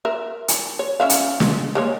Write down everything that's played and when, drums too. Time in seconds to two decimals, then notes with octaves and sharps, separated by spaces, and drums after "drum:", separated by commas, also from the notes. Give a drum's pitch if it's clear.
0.05 A#4 E5
0.48 drum: hi-hat
0.79 C#5
1.00 C#4 E5 F5
1.10 drum: hi-hat
1.40 G#3, drum: snare
1.75 G#3 A#3 C#5